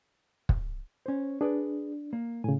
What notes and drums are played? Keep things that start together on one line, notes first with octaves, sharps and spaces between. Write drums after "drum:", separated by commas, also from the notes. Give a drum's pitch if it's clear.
drum: kick
C#4 C5
D4 G#4 B4 D5
A#3
A2 C#3 G#5